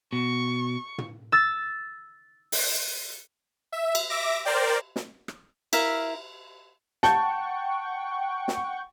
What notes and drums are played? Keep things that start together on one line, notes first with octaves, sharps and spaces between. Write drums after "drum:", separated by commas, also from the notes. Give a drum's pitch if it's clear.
B2 C#6
drum: tom
E6 A6
drum: open hi-hat
E5
drum: cymbal
E5 D6 A#6
A#4 C5 D5 G5
drum: snare
drum: rim click
E4 A#4 E5 F5, drum: cymbal
F#5 G5 A5 C#6, drum: snare
drum: snare